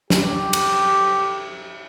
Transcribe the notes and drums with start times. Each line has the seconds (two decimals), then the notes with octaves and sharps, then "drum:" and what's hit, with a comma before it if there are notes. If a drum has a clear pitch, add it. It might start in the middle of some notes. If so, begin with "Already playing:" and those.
0.10 G4, drum: snare
0.53 drum: cymbal